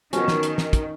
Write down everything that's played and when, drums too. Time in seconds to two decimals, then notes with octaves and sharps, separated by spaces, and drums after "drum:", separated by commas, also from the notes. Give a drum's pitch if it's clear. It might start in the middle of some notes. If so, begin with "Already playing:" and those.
0.13 D#3 F3 F#3 B3 C#4, drum: hi-hat
0.28 drum: snare
0.43 drum: hi-hat
0.58 drum: snare
0.73 drum: kick, hi-hat